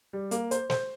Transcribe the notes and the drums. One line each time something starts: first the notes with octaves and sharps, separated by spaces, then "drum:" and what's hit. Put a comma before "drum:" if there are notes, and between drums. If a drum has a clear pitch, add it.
G3
A#3, drum: hi-hat
C5, drum: hi-hat
C5, drum: snare